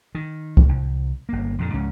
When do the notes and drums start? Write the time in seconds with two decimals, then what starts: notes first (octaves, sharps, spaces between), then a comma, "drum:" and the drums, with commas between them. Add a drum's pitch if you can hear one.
0.15 D#3
0.57 drum: kick
0.69 C2
1.29 G1 A#3
1.59 F2 A#2 D3
1.74 C#2 G#2 C#4